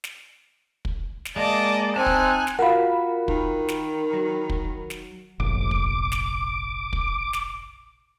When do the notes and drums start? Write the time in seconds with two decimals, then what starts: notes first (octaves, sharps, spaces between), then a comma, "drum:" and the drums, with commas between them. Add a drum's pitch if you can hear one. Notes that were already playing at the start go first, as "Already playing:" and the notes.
0.04 drum: snare
0.85 drum: kick
1.25 drum: snare
1.36 G#3 A#3 D5 D#5 A5
1.96 C4 D#4 G#5 A5 F#6
2.06 drum: kick
2.47 drum: snare
2.59 F4 F#4 A#4 F5 F#5 B5
3.28 D#3, drum: kick
3.68 drum: snare
4.13 F#3
4.50 drum: kick
4.90 drum: snare
5.40 F1 A#1 D6
5.71 drum: kick
6.12 drum: snare
6.93 drum: kick
7.33 drum: snare